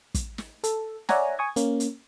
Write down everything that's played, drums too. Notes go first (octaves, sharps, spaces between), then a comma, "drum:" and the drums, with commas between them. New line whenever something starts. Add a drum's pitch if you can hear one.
drum: kick, hi-hat
drum: snare
A4, drum: hi-hat
C#5 D5 E5 F#5 G#5 A#5, drum: snare
G#5 C#6 D#6 G#6
A#3 C#4, drum: hi-hat
drum: hi-hat